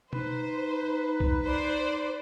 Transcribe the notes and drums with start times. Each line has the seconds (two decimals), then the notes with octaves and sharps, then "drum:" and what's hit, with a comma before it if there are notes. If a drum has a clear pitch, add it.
0.13 D#4 B4 C5, drum: tom B2
1.20 drum: kick B1
1.45 C5 D5